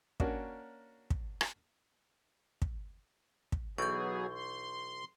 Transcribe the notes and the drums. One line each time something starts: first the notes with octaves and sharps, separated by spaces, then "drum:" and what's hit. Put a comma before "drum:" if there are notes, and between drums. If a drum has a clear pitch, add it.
A#3 C#4 D4 F#4 A#4, drum: kick
drum: kick
drum: rim click
drum: kick
drum: kick
B1 E3 F#3 B3 G#4 C#6 G6
C6